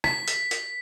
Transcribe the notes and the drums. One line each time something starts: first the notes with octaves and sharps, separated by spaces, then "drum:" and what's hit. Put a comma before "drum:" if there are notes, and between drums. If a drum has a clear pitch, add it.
B6, drum: rim click
drum: hi-hat
drum: hi-hat